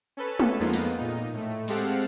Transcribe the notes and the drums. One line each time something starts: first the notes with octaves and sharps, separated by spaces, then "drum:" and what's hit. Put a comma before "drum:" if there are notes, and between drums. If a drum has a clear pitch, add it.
C#4 A4 B4
drum: tom
F2 G#3 A#3 B3 D#4 F4
drum: hi-hat
A#2 D#4
A2 A3
G#3 C4 G4 A4 F5 F#5, drum: cymbal